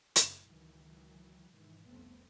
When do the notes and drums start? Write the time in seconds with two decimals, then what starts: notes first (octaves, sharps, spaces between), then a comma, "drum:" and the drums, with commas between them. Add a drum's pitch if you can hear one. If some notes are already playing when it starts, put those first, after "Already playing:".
0.16 F#1 F#2 A2 C#3, drum: hi-hat
0.46 C#2 D#3 E3 F#3
1.51 G#2 B2 D#3 E3
1.86 F1 C2 F3 A3 B3 C4